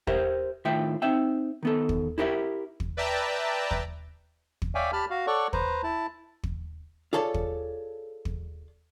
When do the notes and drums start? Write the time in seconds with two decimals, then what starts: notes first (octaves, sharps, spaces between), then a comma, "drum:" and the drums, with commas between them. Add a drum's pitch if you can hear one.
0.07 G4 A#4 C5 E5, drum: kick
0.65 A2 D#3 F4 E5 G5
1.02 C4 D#4 E5 G5
1.63 D#3 B3 A4
1.89 drum: kick
2.18 E4 G4 A#4 D5 E5
2.80 drum: kick
2.97 B4 D5 E5 G5 A5 A#5
3.71 drum: kick
4.62 drum: kick
4.75 C#5 D5 E5 F5 G5 G#5
4.93 G4 A5 B5 F6
5.10 F#4 F5
5.27 A4 C#5 D5 F#5 C#6
5.53 B4 C5 A#5, drum: kick
5.83 E4 A5
6.43 drum: kick
7.13 F4 G#4 A4 C#5 D5
7.34 drum: kick
8.25 drum: kick